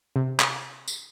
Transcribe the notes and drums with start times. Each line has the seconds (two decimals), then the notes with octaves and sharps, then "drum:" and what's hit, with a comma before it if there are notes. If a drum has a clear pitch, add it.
0.16 C3
0.40 drum: clap
0.88 drum: tambourine